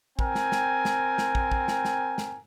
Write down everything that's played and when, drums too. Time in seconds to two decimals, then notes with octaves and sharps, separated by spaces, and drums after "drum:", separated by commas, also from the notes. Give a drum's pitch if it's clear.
0.19 C4 A#4 G5 G#5, drum: kick
0.35 drum: snare
0.52 drum: snare
0.85 drum: snare
1.18 drum: snare
1.35 drum: kick
1.52 drum: kick
1.68 drum: snare
1.85 drum: snare
2.18 drum: snare